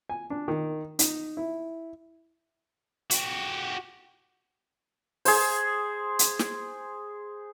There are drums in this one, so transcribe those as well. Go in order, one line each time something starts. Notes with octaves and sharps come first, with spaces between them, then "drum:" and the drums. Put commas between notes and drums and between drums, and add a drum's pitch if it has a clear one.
G#5
D4
D#3
D#4, drum: hi-hat
E4
F#4 G4, drum: hi-hat
G#4 C5, drum: open hi-hat
drum: hi-hat
drum: snare